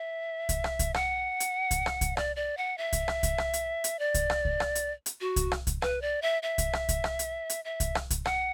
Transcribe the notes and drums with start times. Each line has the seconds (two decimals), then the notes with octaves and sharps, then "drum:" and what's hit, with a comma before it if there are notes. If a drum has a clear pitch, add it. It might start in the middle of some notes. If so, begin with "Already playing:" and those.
Already playing: E5
0.49 drum: kick C2, hi-hat
0.64 drum: rim click
0.79 drum: kick C2, hi-hat
0.94 F#5, drum: rim click
1.40 drum: hi-hat
1.71 drum: kick C2, hi-hat
1.86 drum: rim click
2.01 drum: kick C2, hi-hat
2.17 D5, drum: rim click
2.36 D5
2.57 F#5
2.78 E5
2.93 drum: kick C2, hi-hat
3.08 drum: rim click
3.23 drum: kick C2, hi-hat
3.38 drum: rim click
3.53 drum: hi-hat
3.84 drum: hi-hat
3.99 D5
4.14 drum: kick C2, hi-hat
4.30 drum: rim click
4.45 drum: kick C2
4.60 drum: rim click
4.75 drum: hi-hat
5.06 drum: hi-hat
5.21 F#4
5.36 drum: kick C2, hi-hat
5.52 drum: rim click
5.67 drum: kick C2, hi-hat
5.82 B4, drum: rim click
6.02 D5
6.22 E5
6.43 E5
6.58 drum: kick C2, hi-hat
6.73 drum: rim click
6.89 drum: kick C2, hi-hat
7.04 drum: rim click
7.19 drum: hi-hat
7.50 drum: hi-hat
7.65 E5
7.80 drum: kick C2, hi-hat
7.95 drum: rim click
8.10 drum: kick C2, hi-hat
8.25 F#5, drum: rim click